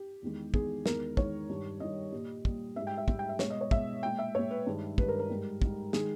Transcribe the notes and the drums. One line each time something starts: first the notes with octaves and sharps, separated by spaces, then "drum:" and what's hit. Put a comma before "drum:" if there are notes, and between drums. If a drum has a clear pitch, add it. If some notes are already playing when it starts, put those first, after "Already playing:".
Already playing: G4
E2 D#3 G#3
E2 D#3 G#3 G#4, drum: kick
E2 D#3 G#3 A#4, drum: snare
E2 D#3 G#3 C#5, drum: kick
G2 D#3 G3
G2 D#3 G3 D#5
A#2 G3
A#2 G3, drum: kick
G#2 G3 E5
G5
E5
G#2 G3, drum: kick
G5
E5
B2 G#3 C#5, drum: snare
D#5
C#5
B2 G#3 E5, drum: kick
A#2 G#3 G5
E5
A#2 G#3 C#5
B4
G2 D#3 G#3
G2 D#3 G#3 B4, drum: kick
A#4
A#4
G#2 G3
G#2 G3, drum: kick
D#3 G#3 G#4, drum: snare